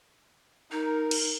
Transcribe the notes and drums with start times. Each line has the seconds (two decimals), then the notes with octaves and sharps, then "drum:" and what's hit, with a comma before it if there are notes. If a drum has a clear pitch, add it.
0.71 D#4 A#4
1.11 drum: cymbal